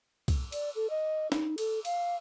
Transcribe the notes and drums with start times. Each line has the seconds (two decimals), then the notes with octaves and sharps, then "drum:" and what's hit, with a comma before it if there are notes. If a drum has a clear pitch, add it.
0.28 drum: kick C2, cymbal
0.52 D5, drum: cymbal
0.76 A4
0.90 D#5
1.32 D#4, drum: snare
1.58 A4, drum: cymbal
1.85 F5, drum: cymbal